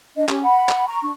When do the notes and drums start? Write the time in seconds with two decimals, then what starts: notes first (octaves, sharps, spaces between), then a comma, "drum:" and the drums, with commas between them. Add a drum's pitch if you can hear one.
0.16 D4 D#5
0.29 C#4 G4 C#5, drum: clap
0.44 F#5 B5
0.69 drum: clap
0.87 A#5 C#6
1.02 D4 C#6